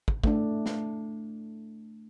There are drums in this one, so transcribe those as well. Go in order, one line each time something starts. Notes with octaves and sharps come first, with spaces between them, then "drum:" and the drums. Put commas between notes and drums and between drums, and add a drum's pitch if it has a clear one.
drum: kick
A3 D4, drum: kick
drum: snare